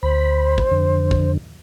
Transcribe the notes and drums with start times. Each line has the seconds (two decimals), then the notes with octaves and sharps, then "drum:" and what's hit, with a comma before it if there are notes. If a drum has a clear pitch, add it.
0.03 D2 C5 B5
0.58 drum: kick
0.71 F2 D3
1.11 drum: kick